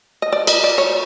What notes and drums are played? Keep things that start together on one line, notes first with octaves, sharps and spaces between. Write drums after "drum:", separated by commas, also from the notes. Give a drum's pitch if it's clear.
D#5
D5
D#5, drum: cymbal
D5
C#5